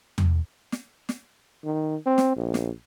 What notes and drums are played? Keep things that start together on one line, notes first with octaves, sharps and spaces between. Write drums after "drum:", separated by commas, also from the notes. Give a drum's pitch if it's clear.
drum: tom E2
drum: snare
drum: snare
D#3
C4
drum: snare
A#1
drum: snare